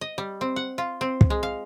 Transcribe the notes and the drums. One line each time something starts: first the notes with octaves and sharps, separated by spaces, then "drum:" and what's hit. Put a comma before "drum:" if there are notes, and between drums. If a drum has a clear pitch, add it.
D#5
G3
C4
F#5
F4
C4
drum: kick
G#3
F5